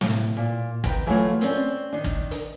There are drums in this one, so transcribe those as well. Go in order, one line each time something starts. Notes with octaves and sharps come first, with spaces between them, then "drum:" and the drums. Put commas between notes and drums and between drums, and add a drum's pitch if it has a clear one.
A2, drum: snare
A#2
D#3 B4 G5, drum: kick
E3 F#3 A3 F4
C4 C#4 D5, drum: hi-hat
D#3 D4
drum: kick
drum: hi-hat